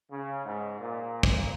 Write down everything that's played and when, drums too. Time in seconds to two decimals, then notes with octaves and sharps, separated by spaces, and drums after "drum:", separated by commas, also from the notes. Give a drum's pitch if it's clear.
0.10 C#3
0.45 G#2
0.78 A#2
1.23 drum: kick